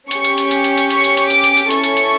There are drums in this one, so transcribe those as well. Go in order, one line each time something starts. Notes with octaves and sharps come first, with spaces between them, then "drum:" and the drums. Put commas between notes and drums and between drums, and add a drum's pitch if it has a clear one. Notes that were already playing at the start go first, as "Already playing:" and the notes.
C#4 G4 C#6, drum: hi-hat
drum: hi-hat
drum: hi-hat
drum: hi-hat
drum: hi-hat
drum: hi-hat
C#6, drum: hi-hat
drum: hi-hat
drum: hi-hat
D6, drum: hi-hat
drum: hi-hat
drum: hi-hat
C#4 E4 A4 C#6, drum: hi-hat
drum: hi-hat
drum: hi-hat